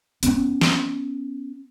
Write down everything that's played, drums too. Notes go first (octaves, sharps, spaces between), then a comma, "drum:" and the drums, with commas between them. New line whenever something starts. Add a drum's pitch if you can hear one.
B3 C#4, drum: hi-hat
drum: snare